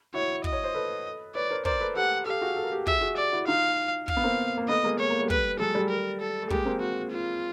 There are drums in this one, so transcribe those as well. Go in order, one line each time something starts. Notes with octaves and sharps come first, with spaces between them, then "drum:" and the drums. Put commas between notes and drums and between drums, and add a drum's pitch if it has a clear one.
E4 F#4 C#5
D#5, drum: kick
C#5
C5
A4 B4
B4 C#5 D5
A#4 C5
A#4 C5 D5, drum: kick
A4 B4
G4 A4 F#5
G4 A4 F5
F#4 G#4
A4
A#4
G4 A4
F#4 G#4 E5, drum: kick
F#4 G#4
D5
E4 F#4
D#4 F4 F5
F5, drum: kick
B3
A#3 C4
A#3
A3 B3 D#5
G#3 A#3
A3 C#5
A#3
G3 A3
B4, drum: kick
F#3 G#3 A4
G3 A3
A#4
A4
A3
G#3 A#3 G4, drum: kick
A#3 C4
F#4
F4